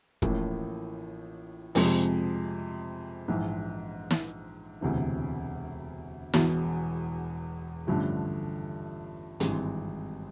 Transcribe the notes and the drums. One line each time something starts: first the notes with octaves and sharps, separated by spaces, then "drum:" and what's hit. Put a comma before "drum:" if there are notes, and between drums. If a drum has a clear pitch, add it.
A1 A2 F3 A#3, drum: kick
F2 C3 F3 G#3, drum: open hi-hat
A#1 G#2 E3
drum: snare
E1 D2 C3 E3
E1 E2 B2, drum: snare
A1 G2 D3 F3 A3
G#1 G2 E3 G#3 C4, drum: hi-hat